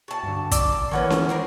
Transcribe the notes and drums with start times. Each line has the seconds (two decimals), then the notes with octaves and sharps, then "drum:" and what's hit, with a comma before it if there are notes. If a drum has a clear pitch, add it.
0.08 F#4 A5
0.23 G2 D3
0.51 D5 D6 E6, drum: kick, hi-hat
0.72 A5
0.91 D#3 E3 A#3 B3 C#4 C#5 F#5 C#6
1.10 drum: snare C#4
1.29 C4 D4 A#4